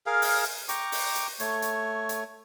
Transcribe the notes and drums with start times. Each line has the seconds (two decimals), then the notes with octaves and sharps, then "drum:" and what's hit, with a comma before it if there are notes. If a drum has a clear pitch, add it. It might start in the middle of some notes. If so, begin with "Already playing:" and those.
0.06 G#4 A#4 F5
0.22 drum: open hi-hat
0.69 G5 A#5 C#6 D6, drum: hi-hat
0.92 drum: open hi-hat
1.15 drum: hi-hat
1.40 A3 C#5, drum: hi-hat
1.62 drum: hi-hat
2.09 drum: hi-hat